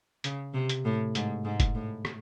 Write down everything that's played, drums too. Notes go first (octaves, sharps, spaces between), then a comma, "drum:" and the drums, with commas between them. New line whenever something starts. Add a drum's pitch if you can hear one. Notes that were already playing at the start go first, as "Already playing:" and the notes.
C#3, drum: hi-hat
C3
drum: hi-hat
A2
G#2, drum: hi-hat
G#2
drum: kick, hi-hat
A2
drum: rim click